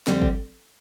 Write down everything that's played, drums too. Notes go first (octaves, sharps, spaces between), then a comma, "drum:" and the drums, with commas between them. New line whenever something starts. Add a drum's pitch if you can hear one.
F2 D3 G3 C4 G4, drum: snare
drum: kick